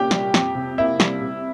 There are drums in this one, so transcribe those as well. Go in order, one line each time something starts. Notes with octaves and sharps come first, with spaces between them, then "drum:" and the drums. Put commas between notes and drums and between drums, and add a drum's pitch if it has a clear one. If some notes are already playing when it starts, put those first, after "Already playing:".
Already playing: C2 A#2 C#4 G4 G5
G3, drum: snare
F2, drum: snare
C3
A#3 E4 E5
G3, drum: snare
C3